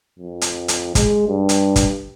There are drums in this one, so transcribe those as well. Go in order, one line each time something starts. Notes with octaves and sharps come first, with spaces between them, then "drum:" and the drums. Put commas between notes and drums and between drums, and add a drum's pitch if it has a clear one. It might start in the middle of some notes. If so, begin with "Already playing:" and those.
F2
drum: hi-hat
drum: hi-hat
G#3, drum: kick, hi-hat
G2
drum: hi-hat
drum: kick, hi-hat